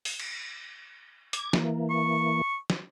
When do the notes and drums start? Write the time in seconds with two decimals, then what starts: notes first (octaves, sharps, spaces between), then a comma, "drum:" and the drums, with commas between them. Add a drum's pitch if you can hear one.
0.05 drum: open hi-hat
0.19 drum: cymbal
1.33 D6 G#6, drum: hi-hat
1.53 E3 A#3, drum: snare
1.90 C#6
2.70 drum: snare